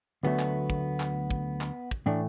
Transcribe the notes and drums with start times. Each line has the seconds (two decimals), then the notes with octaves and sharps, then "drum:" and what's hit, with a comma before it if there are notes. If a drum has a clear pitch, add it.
0.23 D2 D3 F#3 A3 B3
0.39 drum: clap
0.70 drum: kick
1.00 drum: clap
1.30 drum: kick
1.61 drum: clap
1.91 drum: kick
2.06 A2 E3 A3 D4